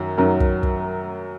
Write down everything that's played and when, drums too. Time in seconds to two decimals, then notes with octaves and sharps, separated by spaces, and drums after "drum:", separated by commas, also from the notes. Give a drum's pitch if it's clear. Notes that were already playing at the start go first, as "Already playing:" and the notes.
Already playing: F#2 D#3 F#3
0.18 F#2 D#3 F#3
0.40 drum: kick
0.63 drum: kick